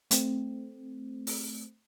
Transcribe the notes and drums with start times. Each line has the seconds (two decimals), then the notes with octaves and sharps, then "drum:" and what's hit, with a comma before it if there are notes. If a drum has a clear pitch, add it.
0.11 A3 C4, drum: hi-hat
1.27 drum: open hi-hat